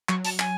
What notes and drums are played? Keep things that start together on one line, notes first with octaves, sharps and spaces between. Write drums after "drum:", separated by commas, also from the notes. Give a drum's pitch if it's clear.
F#3 C#6, drum: clap
A5, drum: open hi-hat
G#5, drum: clap